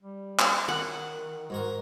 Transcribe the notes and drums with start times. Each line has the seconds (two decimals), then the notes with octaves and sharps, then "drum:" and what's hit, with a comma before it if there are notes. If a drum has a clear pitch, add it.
0.01 G3
0.39 drum: clap
0.68 D#3 F#5
1.50 G#2 F#4 A#4